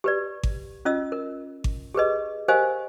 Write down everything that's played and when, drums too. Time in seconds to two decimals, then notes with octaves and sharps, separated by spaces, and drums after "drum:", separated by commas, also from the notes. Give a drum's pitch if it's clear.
0.04 G4 B4 D5
0.43 drum: kick G#1
0.85 C#4 F4 D#5 E6
1.12 A#4
1.64 drum: kick G#1
1.94 G4 G#4 B4 D#5
2.48 G4 A#4 C5 D#5 F5 G#5